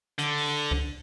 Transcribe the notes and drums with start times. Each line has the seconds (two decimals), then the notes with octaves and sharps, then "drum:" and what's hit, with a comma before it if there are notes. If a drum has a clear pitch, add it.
0.18 D3, drum: hi-hat
0.38 drum: open hi-hat
0.71 drum: kick C#2